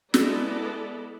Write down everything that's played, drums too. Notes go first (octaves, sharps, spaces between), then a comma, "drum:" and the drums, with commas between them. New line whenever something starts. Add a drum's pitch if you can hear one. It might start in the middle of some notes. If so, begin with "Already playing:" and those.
G#3 B3 E4 A4 D5, drum: snare